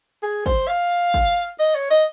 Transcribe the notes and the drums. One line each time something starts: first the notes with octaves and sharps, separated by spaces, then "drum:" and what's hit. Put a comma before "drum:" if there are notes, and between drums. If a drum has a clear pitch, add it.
G#4
C5, drum: kick
F5
drum: kick
D#5
C#5
D#5